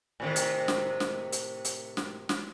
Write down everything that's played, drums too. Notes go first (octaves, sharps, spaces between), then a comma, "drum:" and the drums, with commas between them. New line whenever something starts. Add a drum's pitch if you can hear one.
A2 C3 D#3
drum: hi-hat
drum: snare
drum: snare
drum: hi-hat
drum: hi-hat
drum: snare
drum: snare